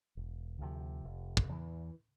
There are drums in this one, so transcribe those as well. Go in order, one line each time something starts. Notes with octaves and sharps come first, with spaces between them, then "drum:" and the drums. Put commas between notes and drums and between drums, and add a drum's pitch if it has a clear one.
E1
D2 C3 F3
F1
drum: kick
E2 E3